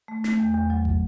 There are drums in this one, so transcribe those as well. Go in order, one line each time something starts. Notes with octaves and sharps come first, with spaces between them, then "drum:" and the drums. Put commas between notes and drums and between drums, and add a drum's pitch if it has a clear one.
A3
A3, drum: snare
E2
E2
F#3
drum: kick